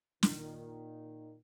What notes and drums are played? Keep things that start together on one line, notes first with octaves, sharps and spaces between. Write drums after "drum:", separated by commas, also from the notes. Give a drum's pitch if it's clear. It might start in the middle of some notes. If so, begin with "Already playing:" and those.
A#2 D#3, drum: snare